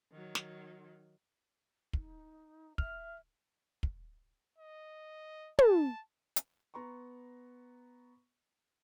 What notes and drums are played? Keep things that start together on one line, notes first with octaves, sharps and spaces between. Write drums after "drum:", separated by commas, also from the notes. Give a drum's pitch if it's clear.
D#3 F#3
drum: snare
D#4, drum: kick
E5 F6, drum: kick
drum: kick
D#5
A5, drum: tom
drum: hi-hat
B3 A#5 C6 C#6